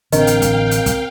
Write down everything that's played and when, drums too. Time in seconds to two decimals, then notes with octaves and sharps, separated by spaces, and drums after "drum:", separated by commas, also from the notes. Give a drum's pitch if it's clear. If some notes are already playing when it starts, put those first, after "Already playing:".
0.12 A1 D3 C4 D4 A#4 D#5 F5 G5, drum: hi-hat
0.27 drum: hi-hat
0.42 drum: kick, hi-hat
0.71 drum: hi-hat
0.86 drum: kick, hi-hat